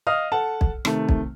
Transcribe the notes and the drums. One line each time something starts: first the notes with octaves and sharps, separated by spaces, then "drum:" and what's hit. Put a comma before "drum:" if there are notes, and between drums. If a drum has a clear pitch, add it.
D#5 F5 D#6 F6
A4 F#5 A5
drum: kick B1
C3 D#3 A3, drum: rim click
drum: kick B1